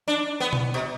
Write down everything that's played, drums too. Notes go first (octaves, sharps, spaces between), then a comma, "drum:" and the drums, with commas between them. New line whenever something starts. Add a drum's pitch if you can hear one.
D4
B3
drum: tom B2
B2